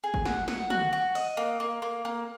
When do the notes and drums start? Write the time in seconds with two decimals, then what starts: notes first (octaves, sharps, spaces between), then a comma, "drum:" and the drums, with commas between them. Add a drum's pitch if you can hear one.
0.04 G#4
0.14 drum: kick
0.25 F#5, drum: snare
0.48 F#5, drum: snare
0.70 F#4, drum: tom
0.93 F#4
1.15 D#5, drum: open hi-hat
1.37 A#3
1.60 A#3
1.82 A#3
2.05 A#3